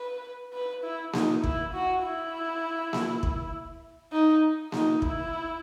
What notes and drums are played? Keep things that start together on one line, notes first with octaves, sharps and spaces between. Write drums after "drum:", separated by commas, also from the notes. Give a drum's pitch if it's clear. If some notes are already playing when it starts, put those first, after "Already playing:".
Already playing: B4
B4
E4
D#4, drum: snare A#3
E4, drum: kick
F#4
E4
drum: snare A#3
drum: kick
D#4
D#4, drum: snare A#3
E4, drum: kick